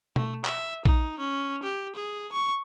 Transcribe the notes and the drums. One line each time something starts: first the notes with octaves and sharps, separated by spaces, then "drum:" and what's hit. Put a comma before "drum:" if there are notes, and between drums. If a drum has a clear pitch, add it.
A3, drum: tom B2
E5, drum: clap
D#4, drum: kick A#1
C#4
G4
G#4
C#6